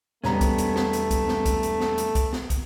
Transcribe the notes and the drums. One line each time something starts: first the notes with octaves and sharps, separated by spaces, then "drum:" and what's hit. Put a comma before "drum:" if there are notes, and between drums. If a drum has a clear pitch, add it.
E1 G3 A3 B3 C#4 A#5, drum: snare
drum: kick, hi-hat
drum: hi-hat
drum: snare
drum: hi-hat
drum: kick, hi-hat
drum: snare
drum: kick, hi-hat
drum: hi-hat
drum: snare
drum: hi-hat
drum: kick, hi-hat
drum: snare
drum: kick, hi-hat